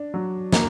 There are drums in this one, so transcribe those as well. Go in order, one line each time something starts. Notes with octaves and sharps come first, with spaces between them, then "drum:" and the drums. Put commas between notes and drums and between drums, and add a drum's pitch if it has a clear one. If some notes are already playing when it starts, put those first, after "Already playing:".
Already playing: D4
F#3
A#3, drum: snare